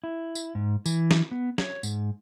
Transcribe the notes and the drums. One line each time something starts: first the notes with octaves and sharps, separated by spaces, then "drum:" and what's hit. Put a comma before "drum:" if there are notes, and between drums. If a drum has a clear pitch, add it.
E4
drum: tambourine
G#2
E3, drum: tambourine
drum: snare
B3
C#5, drum: snare
G#2, drum: tambourine